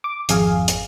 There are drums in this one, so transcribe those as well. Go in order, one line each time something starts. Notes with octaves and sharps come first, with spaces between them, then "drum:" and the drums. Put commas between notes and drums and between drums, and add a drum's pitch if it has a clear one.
D6
G#1 F2 G#4 F5, drum: hi-hat
drum: hi-hat